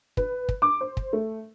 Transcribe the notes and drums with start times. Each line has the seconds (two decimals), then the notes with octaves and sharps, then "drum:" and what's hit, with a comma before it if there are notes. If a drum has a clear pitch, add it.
0.17 B4, drum: kick
0.49 drum: kick
0.62 D6
0.81 C5
0.97 drum: kick
1.13 A3